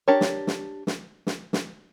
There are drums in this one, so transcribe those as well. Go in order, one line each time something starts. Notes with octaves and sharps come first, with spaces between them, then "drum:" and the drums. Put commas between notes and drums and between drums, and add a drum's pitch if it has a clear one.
D4 G4 A#4 C#5
drum: snare
drum: snare
drum: snare
drum: snare
drum: snare